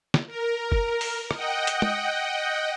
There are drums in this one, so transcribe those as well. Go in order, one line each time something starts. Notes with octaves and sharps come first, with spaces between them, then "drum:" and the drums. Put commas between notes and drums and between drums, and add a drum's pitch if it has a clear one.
drum: snare
A#4
drum: kick
drum: open hi-hat
D#5 F#5 G5, drum: rim click
drum: hi-hat
drum: tom